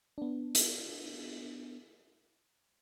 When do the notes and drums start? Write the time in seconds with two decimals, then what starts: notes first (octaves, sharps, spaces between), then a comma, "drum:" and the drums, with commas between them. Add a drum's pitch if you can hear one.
0.18 B3 D4
0.55 drum: hi-hat